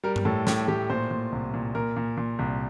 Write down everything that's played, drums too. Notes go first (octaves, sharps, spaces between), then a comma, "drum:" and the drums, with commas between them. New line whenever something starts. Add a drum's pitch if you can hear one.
G3 A#4
drum: tom G2
A2 A4
A2 G4, drum: snare
A2 G4
A#2 C5
A#2
C2
A#2
A#2 A#4
A#2
A#2
C2